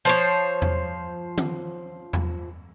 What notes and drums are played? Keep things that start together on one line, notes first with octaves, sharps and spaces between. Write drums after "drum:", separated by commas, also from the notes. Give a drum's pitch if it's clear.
F3 C5 C#5
drum: tom E2
drum: tom D#3
drum: tom E2